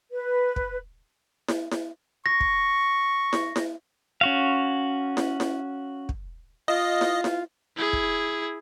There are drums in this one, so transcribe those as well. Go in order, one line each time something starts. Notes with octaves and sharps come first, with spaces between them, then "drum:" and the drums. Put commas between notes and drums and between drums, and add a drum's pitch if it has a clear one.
B4
drum: kick
drum: snare E4
drum: snare E4
C#6 A#6
drum: kick
drum: snare E4
drum: snare E4
C#4 F#4 F5
drum: snare E4
drum: snare E4
drum: kick
F4 D#5
drum: snare E4
drum: snare E4
E4 G#4
drum: kick